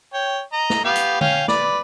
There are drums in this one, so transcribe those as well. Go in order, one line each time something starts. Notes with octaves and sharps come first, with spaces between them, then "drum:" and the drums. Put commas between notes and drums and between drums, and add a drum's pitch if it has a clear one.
C#5 G5
D#5 A#5
drum: snare
B3 G4 F5
drum: hi-hat
C#4 F5 G5, drum: tom D3
B4 D5, drum: snare